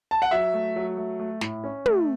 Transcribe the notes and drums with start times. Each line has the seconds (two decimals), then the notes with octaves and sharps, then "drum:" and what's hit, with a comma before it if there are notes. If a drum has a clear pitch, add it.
0.11 A5
0.22 F#5
0.31 F#3 E5
0.54 A3
0.76 F#3
0.97 A3
1.20 A3
1.41 A2, drum: snare
1.64 C#4
1.86 A3, drum: tom